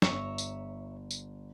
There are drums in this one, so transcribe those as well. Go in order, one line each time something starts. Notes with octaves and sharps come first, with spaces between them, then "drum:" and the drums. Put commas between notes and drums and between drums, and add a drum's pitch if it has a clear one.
G1 C#5 E5 A#5, drum: snare
drum: tambourine
drum: tambourine